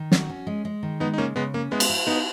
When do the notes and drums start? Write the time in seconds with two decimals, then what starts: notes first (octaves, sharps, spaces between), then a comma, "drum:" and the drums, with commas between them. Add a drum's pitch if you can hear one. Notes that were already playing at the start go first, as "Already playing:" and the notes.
Already playing: D#3
0.12 F#4, drum: snare
0.29 C#4
0.47 G#3
0.65 G#3
0.83 D#3
1.00 G#3 B3 D#4
1.14 D#4
1.18 C#3 A#3 C#4
1.36 C#3 G#3 B3
1.54 A#3 C#4
1.71 G#3 B3 E4
1.80 drum: cymbal
1.90 E4
2.07 B3 D#4 E4